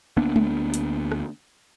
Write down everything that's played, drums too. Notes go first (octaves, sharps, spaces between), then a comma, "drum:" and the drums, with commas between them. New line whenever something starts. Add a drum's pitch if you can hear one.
D2 A#3 B3 D4
drum: tom G#3
drum: hi-hat
drum: rim click